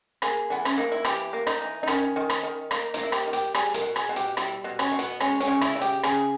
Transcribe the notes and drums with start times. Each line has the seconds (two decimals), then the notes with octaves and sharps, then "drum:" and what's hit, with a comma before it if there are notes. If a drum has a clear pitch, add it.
0.22 A#3 G#4, drum: rim click
0.50 E3 B3
0.65 C#4, drum: rim click
0.78 A#3 D#4
0.92 E4
1.04 E3 G4, drum: rim click
1.33 A#3
1.47 D#4, drum: rim click
1.61 E3
1.83 D#4
1.87 D#3 C#4, drum: rim click
2.16 D#3
2.30 drum: rim click
2.43 D#3
2.71 A#3 D#4, drum: rim click
2.94 D#4, drum: hi-hat
2.98 A#3
3.03 E4
3.12 G4, drum: rim click
3.26 D#3
3.33 G4, drum: hi-hat
3.54 G3 G#4, drum: rim click
3.74 A#4, drum: hi-hat
3.81 B2
3.96 G#4, drum: rim click
4.09 B2
4.16 G4, drum: hi-hat
4.37 G3 E4, drum: rim click
4.64 B2
4.79 C#4, drum: rim click
4.92 B2
4.99 B3, drum: hi-hat
5.20 G#3 C#4, drum: rim click
5.40 C#4, drum: hi-hat
5.47 C#3
5.61 E4, drum: rim click
5.75 C#3
5.81 G4, drum: hi-hat
6.03 C#3 G#4, drum: rim click